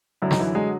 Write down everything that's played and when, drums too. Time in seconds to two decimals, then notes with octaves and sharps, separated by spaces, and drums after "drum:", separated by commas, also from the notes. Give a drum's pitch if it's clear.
0.22 F#2 D3 F#3 E4
0.31 D#4, drum: snare
0.40 E3 E4
0.55 D3 F#3 G#3 G#4